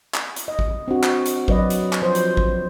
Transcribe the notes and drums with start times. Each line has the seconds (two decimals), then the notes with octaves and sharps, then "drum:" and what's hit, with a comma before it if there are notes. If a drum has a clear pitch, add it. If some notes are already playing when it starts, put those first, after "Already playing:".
0.14 drum: clap
0.36 drum: hi-hat
0.48 D#5
0.59 drum: kick A1
0.88 C4 D4 F#4
1.03 drum: clap
1.26 drum: hi-hat
1.48 F#3 B4 D5 D#5, drum: kick A1
1.70 drum: hi-hat
1.93 drum: clap
2.02 F3 C5
2.15 drum: hi-hat
2.37 drum: kick A1